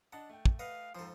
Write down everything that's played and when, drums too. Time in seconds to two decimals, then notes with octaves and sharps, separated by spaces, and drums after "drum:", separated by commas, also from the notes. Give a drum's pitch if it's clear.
0.13 D4 D#5 F#5 A5
0.30 A3 G5
0.46 drum: kick
0.59 B4 D#5 F5 F#5
0.95 F2 G#2 F3 A4 C5